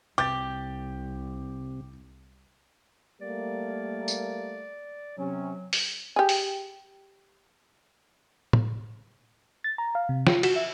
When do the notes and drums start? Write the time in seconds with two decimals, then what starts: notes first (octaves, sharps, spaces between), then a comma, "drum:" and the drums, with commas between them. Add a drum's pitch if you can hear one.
0.18 C2 C3 G4 D6 G6 A6
3.21 G3 A3 A#3 D5
4.08 drum: tambourine
5.18 C3 F#3 C#4
5.73 drum: open hi-hat
6.16 G4 G#4
6.29 drum: open hi-hat
8.53 drum: tom A2
9.64 A6
9.78 A#5
9.95 F5
10.09 C3
10.27 F4, drum: snare
10.43 F#4, drum: cymbal
10.56 E5